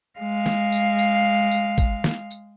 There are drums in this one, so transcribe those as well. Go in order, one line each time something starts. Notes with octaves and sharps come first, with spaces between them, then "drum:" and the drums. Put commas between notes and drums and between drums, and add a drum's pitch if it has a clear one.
G#3 F5
drum: snare
drum: tambourine
drum: tambourine
drum: tambourine
drum: kick, tambourine
drum: snare
drum: tambourine